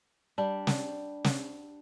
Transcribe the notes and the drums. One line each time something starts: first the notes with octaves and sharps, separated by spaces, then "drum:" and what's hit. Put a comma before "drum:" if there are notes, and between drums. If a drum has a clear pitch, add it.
G3 D4
drum: snare
drum: snare